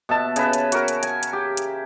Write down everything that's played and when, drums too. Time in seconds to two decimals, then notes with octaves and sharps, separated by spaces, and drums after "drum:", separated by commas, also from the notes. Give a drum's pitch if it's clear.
0.09 B2 E5 A5
0.36 C#3 B4, drum: hi-hat
0.53 drum: hi-hat
0.72 F#4 A#4, drum: hi-hat
0.88 drum: hi-hat
1.03 G#5, drum: hi-hat
1.23 drum: hi-hat
1.33 G4
1.57 drum: hi-hat